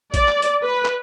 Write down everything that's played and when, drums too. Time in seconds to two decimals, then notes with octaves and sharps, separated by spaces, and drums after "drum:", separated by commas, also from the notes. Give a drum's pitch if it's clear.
0.14 D5, drum: kick, hi-hat
0.28 drum: clap
0.42 drum: hi-hat
0.64 B4
0.85 drum: clap